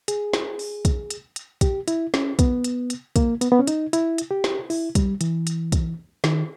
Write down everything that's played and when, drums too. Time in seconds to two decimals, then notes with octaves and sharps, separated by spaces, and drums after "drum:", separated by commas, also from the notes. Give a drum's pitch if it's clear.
0.08 G#4, drum: hi-hat
0.33 drum: snare
0.59 drum: open hi-hat
0.85 drum: kick, hi-hat
1.10 drum: hi-hat
1.36 drum: hi-hat
1.61 G4, drum: kick, hi-hat
1.88 E4, drum: hi-hat
2.14 C#4, drum: snare
2.39 B3, drum: kick, hi-hat
2.64 drum: hi-hat
2.90 drum: hi-hat
3.16 A#3, drum: kick, hi-hat
3.41 B3, drum: hi-hat
3.52 B3
3.59 C#4
3.67 D#4, drum: hi-hat
3.93 E4, drum: hi-hat
4.18 drum: hi-hat
4.31 G4
4.44 drum: snare
4.70 E4, drum: open hi-hat
4.95 G3, drum: kick, hi-hat
5.21 E3, drum: hi-hat
5.47 drum: hi-hat
5.72 drum: kick, hi-hat
6.24 D#3, drum: snare